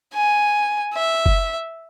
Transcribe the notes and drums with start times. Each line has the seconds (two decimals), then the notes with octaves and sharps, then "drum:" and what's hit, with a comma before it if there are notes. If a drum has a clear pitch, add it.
0.14 G#5
0.94 E5
1.26 drum: kick F#1